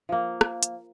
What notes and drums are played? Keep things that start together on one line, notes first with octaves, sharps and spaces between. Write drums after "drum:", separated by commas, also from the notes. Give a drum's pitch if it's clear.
F3 A#3
drum: rim click
drum: hi-hat